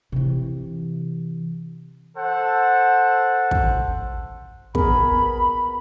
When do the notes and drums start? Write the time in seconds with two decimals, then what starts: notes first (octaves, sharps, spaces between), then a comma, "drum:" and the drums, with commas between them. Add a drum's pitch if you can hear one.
0.12 C3 E3
2.16 A4 C5 F#5
3.51 drum: kick
4.75 B3 G#4 A#4 B5, drum: kick